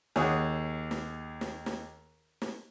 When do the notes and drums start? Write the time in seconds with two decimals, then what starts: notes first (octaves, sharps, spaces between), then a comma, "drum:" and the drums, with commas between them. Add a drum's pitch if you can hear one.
0.16 D#2 G#4 C#5 F#5 D#6, drum: snare
0.91 drum: snare
1.41 drum: snare
1.66 drum: snare
2.42 drum: snare